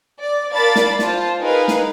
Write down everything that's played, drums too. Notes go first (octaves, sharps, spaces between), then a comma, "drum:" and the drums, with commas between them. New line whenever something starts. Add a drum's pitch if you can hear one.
D5
A#4 D5 F5 A5 B5 A6
drum: snare
F4 C5 A5, drum: snare
D#4 G#4 A#4 B4 F5
drum: snare